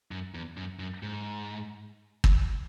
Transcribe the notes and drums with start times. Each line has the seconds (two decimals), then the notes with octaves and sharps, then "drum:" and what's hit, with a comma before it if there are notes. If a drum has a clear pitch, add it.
0.11 F#2
0.34 E2
0.57 F#2
0.79 F#2
1.03 G#2
2.24 drum: kick